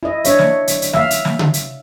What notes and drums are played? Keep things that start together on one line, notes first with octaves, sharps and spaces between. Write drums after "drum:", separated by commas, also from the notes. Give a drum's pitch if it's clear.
E4 D#5
D4 C#5 E5, drum: hi-hat
drum: snare
drum: hi-hat
drum: hi-hat
E5 F5, drum: snare
drum: hi-hat
drum: snare
drum: tom C#3
drum: hi-hat